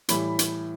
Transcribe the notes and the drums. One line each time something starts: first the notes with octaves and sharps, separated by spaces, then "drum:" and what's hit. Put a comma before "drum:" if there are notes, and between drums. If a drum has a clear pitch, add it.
A2 E3 G3 B5, drum: hi-hat
drum: hi-hat